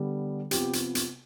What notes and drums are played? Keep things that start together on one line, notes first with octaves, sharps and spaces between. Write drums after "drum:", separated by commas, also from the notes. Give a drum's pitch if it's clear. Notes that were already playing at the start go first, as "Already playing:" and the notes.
Already playing: D3 G3 B3
C3 F3 B3 G4, drum: hi-hat
drum: hi-hat
drum: hi-hat